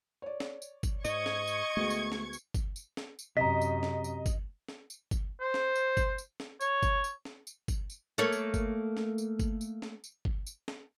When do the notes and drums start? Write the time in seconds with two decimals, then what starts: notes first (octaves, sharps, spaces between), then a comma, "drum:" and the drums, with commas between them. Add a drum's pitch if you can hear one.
0.22 C#5 D5
0.40 drum: snare
0.62 drum: tambourine
0.83 drum: kick G1, tambourine
1.05 G#2 D#5 C#6 G#6, drum: tambourine
1.26 drum: snare
1.47 drum: tambourine
1.77 D2 G#3 A3 B3
1.90 drum: tambourine
2.12 drum: snare
2.33 drum: tambourine
2.54 drum: kick G1, tambourine
2.76 drum: tambourine
2.97 drum: snare
3.19 drum: tambourine
3.37 F#2 C3 D#5 A#5 B6
3.61 drum: tambourine
3.83 drum: snare
4.04 drum: tambourine
4.26 drum: kick G1, tambourine
4.69 drum: snare
4.90 drum: tambourine
5.11 drum: kick G1, tambourine
5.41 C5
5.54 drum: snare
5.76 drum: tambourine
5.97 drum: kick G1, tambourine
6.18 drum: tambourine
6.40 drum: snare
6.61 C#5, drum: tambourine
6.83 drum: kick G1, tambourine
7.04 drum: tambourine
7.25 drum: snare
7.47 drum: tambourine
7.68 drum: kick G1, tambourine
7.90 drum: tambourine
8.18 A3 A#3 C#5
8.32 drum: tambourine
8.54 drum: kick G1, tambourine
8.97 drum: snare
9.18 drum: tambourine
9.39 drum: kick G1, tambourine
9.61 drum: tambourine
9.82 drum: snare
10.04 drum: tambourine
10.25 drum: kick G1
10.47 drum: tambourine
10.68 drum: snare